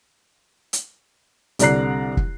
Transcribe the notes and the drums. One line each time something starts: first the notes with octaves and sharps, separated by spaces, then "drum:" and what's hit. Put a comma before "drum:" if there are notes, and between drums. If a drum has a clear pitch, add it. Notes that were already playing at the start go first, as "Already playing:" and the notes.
drum: hi-hat
C2 D3 D5 A#5 F#6 C7, drum: hi-hat
drum: kick